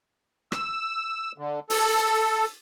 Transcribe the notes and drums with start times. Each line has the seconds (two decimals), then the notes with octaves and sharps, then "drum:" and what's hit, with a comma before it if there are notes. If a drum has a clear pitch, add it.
0.52 E6, drum: rim click
1.38 D3
1.70 A4, drum: open hi-hat